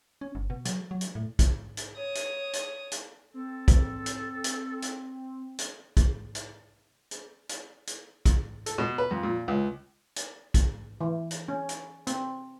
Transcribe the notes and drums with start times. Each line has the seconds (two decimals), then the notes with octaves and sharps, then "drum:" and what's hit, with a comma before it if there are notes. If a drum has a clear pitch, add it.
0.21 C#4
0.35 G1
0.50 B2
0.65 F#3, drum: hi-hat
0.91 F#3
1.01 drum: hi-hat
1.15 A2
1.39 drum: kick B1, hi-hat
1.77 drum: hi-hat
1.96 C#5 D#6
2.15 drum: hi-hat
2.53 drum: hi-hat
2.92 drum: hi-hat
3.34 C4 A4
3.68 drum: kick B1, hi-hat
4.06 drum: hi-hat
4.44 drum: hi-hat
4.82 drum: hi-hat
5.59 drum: hi-hat
5.97 drum: kick B1, hi-hat
6.35 drum: hi-hat
7.11 drum: hi-hat
7.49 drum: hi-hat
7.87 drum: hi-hat
8.26 drum: kick B1, hi-hat
8.66 A4, drum: hi-hat
8.78 B2
8.98 B4
9.11 F2
9.23 A#2
9.48 C#2
10.16 drum: hi-hat
10.54 drum: kick B1, hi-hat
11.01 E3
11.31 drum: hi-hat
11.48 C#4
11.69 drum: hi-hat
12.07 C4, drum: hi-hat